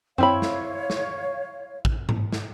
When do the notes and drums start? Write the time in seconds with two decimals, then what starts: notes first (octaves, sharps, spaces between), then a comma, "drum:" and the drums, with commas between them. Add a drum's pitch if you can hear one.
0.18 C4 E4 C#5 F5 B5, drum: tom F#2
0.42 drum: snare
0.90 drum: snare
1.85 drum: kick
2.09 drum: tom G#2
2.32 drum: snare